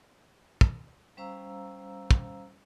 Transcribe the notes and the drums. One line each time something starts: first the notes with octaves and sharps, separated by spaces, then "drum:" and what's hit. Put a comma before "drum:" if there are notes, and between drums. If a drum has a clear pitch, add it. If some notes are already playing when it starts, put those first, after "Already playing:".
drum: kick
G3 C#4 C5 F5 A#5 E6
drum: kick